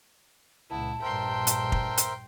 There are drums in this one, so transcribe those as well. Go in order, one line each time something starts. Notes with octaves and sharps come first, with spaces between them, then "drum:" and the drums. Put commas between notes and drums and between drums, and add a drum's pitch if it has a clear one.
C#2 A#2 B3 E4 A5
A#1 G2 A#4 C5 E5 G5 C6
drum: hi-hat
drum: kick
drum: hi-hat